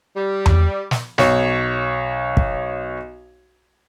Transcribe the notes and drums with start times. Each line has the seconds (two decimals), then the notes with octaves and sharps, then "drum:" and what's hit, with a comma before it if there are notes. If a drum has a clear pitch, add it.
0.17 G3
0.46 drum: tom E2
0.91 drum: snare
1.18 B1 C#5, drum: snare
2.37 drum: kick